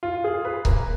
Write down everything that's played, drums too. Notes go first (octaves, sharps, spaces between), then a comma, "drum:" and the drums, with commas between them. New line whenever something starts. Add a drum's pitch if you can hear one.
F4
G#4
B4
A#3, drum: kick C#1